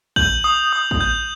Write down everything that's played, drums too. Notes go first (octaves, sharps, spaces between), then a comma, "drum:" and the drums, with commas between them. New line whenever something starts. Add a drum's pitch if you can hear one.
G6 F#7, drum: kick A#1
D#6
D#6
drum: kick A#1
G6